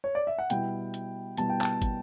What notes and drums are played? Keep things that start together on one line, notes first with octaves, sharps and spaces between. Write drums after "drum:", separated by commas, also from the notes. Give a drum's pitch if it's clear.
C#5
D5
E5
F#5
B2 G3 B3 E4 G5, drum: hi-hat
drum: hi-hat
B2 G3 B3 E4 A5, drum: hi-hat
G5
A5, drum: clap
drum: kick, hi-hat